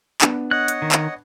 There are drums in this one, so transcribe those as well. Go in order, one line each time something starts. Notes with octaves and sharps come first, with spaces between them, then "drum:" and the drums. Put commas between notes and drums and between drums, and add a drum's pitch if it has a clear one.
B3 D4, drum: clap
C#5 D#5 F#5 F#6
drum: hi-hat
D#3
drum: clap